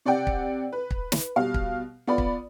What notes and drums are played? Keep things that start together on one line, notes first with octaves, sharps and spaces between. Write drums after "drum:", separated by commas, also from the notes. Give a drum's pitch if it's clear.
C3 D5 F#5 G5
drum: kick
B4
drum: kick
drum: snare
B2 G3 F5
drum: kick
B3 F4 D5 B5
drum: kick